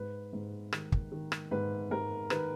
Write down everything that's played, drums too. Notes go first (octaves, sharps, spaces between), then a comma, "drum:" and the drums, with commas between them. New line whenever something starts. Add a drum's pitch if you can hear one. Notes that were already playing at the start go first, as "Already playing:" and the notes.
Already playing: G#2 B4
G#2
D#3, drum: rim click
drum: kick
D#3
drum: rim click
G#2 B4
G#2 A#4
D#3 B4, drum: rim click